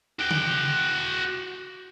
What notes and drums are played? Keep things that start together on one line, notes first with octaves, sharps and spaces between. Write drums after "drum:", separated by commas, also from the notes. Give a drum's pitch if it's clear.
F#4 G5
drum: tom C#3